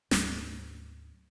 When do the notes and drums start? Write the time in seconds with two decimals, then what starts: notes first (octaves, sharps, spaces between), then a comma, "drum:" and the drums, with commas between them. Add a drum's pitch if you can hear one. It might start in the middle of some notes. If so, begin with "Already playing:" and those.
0.11 D2 G#2 F#3 A3, drum: snare